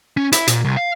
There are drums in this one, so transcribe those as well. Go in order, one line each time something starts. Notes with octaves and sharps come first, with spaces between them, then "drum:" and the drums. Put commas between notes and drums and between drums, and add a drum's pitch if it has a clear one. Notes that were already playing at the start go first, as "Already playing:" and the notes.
C#4
E4, drum: hi-hat
A#2, drum: hi-hat
C2
F5